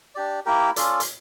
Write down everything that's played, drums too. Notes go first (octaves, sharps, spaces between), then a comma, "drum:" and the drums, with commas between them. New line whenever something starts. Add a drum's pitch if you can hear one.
D4 G4 D5
A#3 E4 G4 A#4
C#4 F4 A4 D5, drum: hi-hat
drum: hi-hat